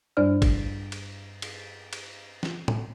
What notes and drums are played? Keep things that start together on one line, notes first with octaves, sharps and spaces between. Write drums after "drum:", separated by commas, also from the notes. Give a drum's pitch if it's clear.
G2 G3 D4 C5 D5 F6
drum: kick, cymbal
drum: cymbal
drum: cymbal
drum: cymbal
drum: snare
drum: tom